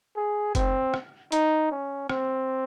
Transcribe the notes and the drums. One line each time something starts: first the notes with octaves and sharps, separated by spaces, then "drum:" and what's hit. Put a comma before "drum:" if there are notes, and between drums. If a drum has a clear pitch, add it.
G#4
C4, drum: kick F#1, hi-hat
drum: rim click
D#4, drum: hi-hat
C#4
C4, drum: rim click